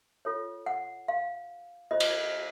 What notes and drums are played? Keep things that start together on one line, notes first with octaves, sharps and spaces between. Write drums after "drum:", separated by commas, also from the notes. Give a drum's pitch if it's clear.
F4 A4 C#5
F#5
F5
F4 C5 D#5
drum: cymbal